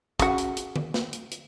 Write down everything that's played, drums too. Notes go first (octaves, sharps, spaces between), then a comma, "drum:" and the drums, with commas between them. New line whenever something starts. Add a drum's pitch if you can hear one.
C#3 F#4, drum: kick, hi-hat
drum: hi-hat
drum: hi-hat
drum: tom D3
drum: snare
drum: hi-hat
drum: hi-hat